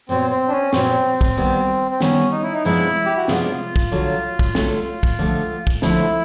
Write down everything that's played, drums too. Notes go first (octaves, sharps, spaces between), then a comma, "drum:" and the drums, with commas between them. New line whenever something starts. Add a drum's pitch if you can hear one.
A#2 F#3 B3 C4
C4
D4
C#4
A#2 F#3 B3 C4, drum: snare
drum: kick
D#3 G3 B3
C4
D#3 G3 B3 C#4, drum: snare
D#4
E4
D#4
C3 F3 G#3 B3 D4 E4
G4
F#4
C3 F3 G#3 B3 D4 F4, drum: snare
drum: kick
D3 F#3 A3
drum: kick
D3 F#3 A3, drum: snare
drum: kick
D3 F3 A3
drum: kick
D3 F3 A3 E4, drum: snare